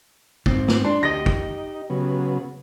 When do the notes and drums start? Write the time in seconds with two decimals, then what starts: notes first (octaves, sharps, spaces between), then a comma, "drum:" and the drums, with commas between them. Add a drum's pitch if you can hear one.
0.46 G#2 C4, drum: kick
0.68 drum: snare
0.85 D4 C6
1.03 D2 G4 D#5 A#6
1.26 D#4, drum: kick
1.90 C#3 F#3 B3